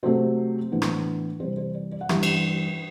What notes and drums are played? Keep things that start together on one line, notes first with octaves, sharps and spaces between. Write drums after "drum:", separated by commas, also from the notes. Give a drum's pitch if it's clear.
C3 F#3 A3 C4 C5
A2 E3 B3 D4
drum: rim click
C3 E3 G3 C4 C5
C5
D5
D5
F#5
G2 E3 G3 E5, drum: rim click
drum: cymbal